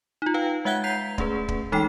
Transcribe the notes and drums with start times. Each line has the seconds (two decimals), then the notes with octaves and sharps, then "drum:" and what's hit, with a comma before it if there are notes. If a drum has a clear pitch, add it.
0.22 D#4 F4
0.34 B4 F5 G5
0.65 G#3 E5 F#5 F#6 G#6 G7
0.83 A#5 G6 B6 C7 F7
1.18 A3 C#4 G#4 B4, drum: kick
1.48 drum: kick
1.72 E3 G#3 D#4 A4 G5 C7